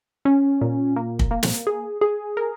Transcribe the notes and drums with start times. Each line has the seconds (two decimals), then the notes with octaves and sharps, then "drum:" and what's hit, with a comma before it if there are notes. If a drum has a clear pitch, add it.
0.25 C#4
0.61 A#2
0.96 A#3
1.19 drum: kick
1.31 A#3
1.43 drum: snare
1.67 G#4
2.01 G#4
2.37 A#4